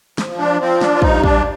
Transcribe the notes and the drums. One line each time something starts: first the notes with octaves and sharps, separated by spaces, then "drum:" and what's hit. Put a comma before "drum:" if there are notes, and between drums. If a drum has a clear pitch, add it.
F3, drum: snare
D4
F3 C4
D4, drum: snare
F4
G2 D#4, drum: kick
D4, drum: kick